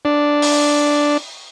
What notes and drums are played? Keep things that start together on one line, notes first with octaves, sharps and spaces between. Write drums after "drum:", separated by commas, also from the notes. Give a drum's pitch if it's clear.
D4
drum: open hi-hat